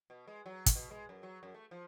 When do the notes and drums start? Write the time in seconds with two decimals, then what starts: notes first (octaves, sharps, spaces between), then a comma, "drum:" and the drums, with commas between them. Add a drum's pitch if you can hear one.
0.10 B2
0.27 G#3
0.46 F#3
0.66 drum: kick, hi-hat
0.76 B2
0.91 G#3
1.09 F#2
1.23 F#3
1.43 F#2
1.54 A3
1.71 F3